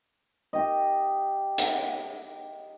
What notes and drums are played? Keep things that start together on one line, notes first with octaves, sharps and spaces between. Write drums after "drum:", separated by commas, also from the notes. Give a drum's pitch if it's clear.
G4 D#5
drum: hi-hat